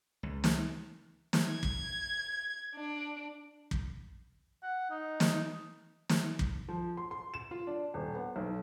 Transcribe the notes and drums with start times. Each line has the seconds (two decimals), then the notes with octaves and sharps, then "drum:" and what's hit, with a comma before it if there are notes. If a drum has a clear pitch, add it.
0.23 C#2
0.44 drum: snare
1.33 drum: snare
1.47 G#6
1.63 drum: kick
2.75 D4
3.71 drum: kick
4.63 F#5
4.90 D#4
5.20 drum: snare
6.09 drum: snare
6.39 drum: kick
6.69 F3
6.97 C6
7.11 C6
7.34 E7
7.51 F4
7.67 D4
7.94 D#1
8.15 B3
8.36 B1